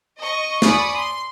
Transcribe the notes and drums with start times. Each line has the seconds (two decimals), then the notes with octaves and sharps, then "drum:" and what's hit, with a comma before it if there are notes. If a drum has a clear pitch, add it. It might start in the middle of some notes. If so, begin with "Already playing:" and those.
0.18 D#5 C#6
0.62 D5 G#5 B5 C#6 D#6, drum: snare
0.94 C6